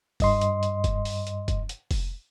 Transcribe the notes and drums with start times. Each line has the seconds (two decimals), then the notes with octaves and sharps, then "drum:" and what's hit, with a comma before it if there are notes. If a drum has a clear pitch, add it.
0.20 G2 D#5 C6, drum: kick F1, open hi-hat
0.41 drum: hi-hat
0.63 drum: hi-hat
0.84 drum: kick F1, hi-hat
1.05 drum: open hi-hat
1.27 drum: hi-hat
1.48 drum: kick F1, hi-hat
1.69 drum: hi-hat
1.91 drum: kick F1, open hi-hat